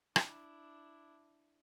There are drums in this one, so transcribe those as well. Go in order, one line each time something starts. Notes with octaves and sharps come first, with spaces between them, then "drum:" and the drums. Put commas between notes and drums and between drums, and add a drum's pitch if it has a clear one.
D4 E4, drum: rim click